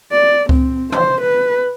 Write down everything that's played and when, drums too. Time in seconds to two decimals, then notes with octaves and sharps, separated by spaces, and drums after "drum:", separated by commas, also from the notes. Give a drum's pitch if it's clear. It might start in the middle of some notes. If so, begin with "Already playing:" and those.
0.11 D5
0.49 C4, drum: kick C#2
0.92 C5, drum: tom
1.21 B4